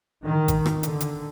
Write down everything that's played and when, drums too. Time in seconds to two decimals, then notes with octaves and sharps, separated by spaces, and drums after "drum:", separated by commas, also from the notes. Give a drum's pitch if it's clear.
0.25 D#3
0.48 drum: kick G#1, hi-hat
0.66 drum: rim click
0.83 D3, drum: hi-hat
1.00 drum: hi-hat